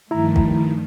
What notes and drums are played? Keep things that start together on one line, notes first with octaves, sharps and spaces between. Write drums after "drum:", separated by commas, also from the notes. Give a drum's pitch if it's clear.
G2 D#3 F3 A3 E4 A#5
drum: kick